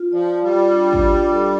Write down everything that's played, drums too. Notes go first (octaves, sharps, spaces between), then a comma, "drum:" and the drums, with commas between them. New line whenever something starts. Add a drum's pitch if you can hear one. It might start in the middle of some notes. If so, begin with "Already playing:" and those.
Already playing: F4
F3 D5
F4
G3
F4
D4
D4, drum: kick
D4
A4